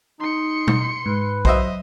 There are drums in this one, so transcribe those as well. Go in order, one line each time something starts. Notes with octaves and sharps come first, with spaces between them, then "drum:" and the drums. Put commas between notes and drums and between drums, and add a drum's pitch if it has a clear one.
D#4 C6 C#7
drum: tom B2
G#2 B4
F#3 C5 D#5 E5, drum: kick B1